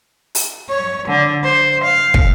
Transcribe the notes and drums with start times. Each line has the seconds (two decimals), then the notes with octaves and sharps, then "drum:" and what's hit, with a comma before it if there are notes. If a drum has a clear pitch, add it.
0.35 drum: open hi-hat
0.69 C#5
1.08 D3
1.44 C5
1.83 F5
2.14 drum: kick